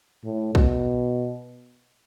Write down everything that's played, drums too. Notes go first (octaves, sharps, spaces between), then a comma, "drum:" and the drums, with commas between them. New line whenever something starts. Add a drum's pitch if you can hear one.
A2
B2, drum: kick